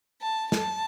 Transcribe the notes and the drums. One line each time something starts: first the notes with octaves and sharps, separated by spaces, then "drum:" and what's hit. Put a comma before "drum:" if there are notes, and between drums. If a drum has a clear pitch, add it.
A5
A5, drum: snare